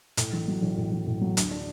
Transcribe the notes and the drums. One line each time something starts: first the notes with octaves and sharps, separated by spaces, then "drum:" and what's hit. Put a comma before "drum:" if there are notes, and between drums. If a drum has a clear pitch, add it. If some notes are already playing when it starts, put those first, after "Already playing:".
A2, drum: hi-hat
A1
F#3
A1
A2
A1
A2
F#3
D2, drum: hi-hat
D4